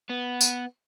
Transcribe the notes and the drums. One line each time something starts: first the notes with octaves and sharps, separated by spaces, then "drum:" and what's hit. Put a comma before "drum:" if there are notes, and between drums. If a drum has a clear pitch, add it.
B3
drum: tambourine